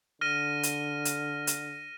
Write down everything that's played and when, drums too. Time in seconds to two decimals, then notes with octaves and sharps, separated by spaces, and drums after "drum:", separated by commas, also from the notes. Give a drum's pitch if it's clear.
0.21 D3 F6 A#6 D#7
0.63 drum: hi-hat
1.05 drum: hi-hat
1.47 drum: hi-hat